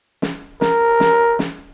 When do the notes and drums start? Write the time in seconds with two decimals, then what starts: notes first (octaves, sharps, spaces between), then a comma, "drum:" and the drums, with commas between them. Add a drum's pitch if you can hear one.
0.22 drum: snare
0.61 A#4, drum: snare
1.00 drum: snare
1.39 drum: snare